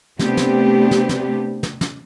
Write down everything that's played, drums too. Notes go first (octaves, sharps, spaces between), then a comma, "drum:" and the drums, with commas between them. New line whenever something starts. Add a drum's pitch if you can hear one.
C3 A3 B3 C4 D4 G4, drum: snare
drum: snare
drum: snare
drum: snare
drum: snare
drum: snare